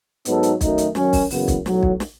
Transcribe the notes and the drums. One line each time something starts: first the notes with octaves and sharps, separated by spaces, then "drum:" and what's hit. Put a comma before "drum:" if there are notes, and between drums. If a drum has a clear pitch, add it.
G#2 F#3 B3 D#4 A4, drum: hi-hat
drum: hi-hat
F#2 D#3 F#3 A3 D#4, drum: kick B1, hi-hat
drum: hi-hat
F#2 D#3 F#3 C#4, drum: snare
drum: kick B1, open hi-hat
F#1 F#2 C#3 E3 B3, drum: open hi-hat
drum: kick B1, hi-hat
B1 A2 F#3, drum: snare
drum: kick B1
drum: snare